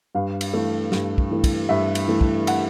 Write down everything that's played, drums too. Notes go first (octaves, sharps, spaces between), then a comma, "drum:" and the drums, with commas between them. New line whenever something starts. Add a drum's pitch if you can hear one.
G2 F5
drum: cymbal
E3 A3
G2, drum: snare
drum: kick
E3 A3
drum: kick, cymbal
G2 E5
drum: cymbal
E3 A3
drum: kick
F#5, drum: cymbal